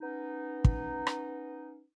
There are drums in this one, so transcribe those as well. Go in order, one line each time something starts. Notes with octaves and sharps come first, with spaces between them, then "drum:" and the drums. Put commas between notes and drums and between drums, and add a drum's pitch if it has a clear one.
B3 C#4 D#4
drum: kick
drum: rim click